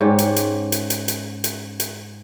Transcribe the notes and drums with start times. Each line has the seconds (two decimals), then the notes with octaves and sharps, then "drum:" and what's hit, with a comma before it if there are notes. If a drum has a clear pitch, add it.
0.01 G#2 C#4 G4
0.18 drum: hi-hat
0.36 drum: hi-hat
0.72 drum: hi-hat
0.90 drum: hi-hat
1.08 drum: hi-hat
1.44 drum: hi-hat
1.80 drum: hi-hat